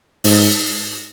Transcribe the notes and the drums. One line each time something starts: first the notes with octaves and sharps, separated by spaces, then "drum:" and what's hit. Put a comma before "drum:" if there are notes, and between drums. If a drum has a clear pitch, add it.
G#2, drum: open hi-hat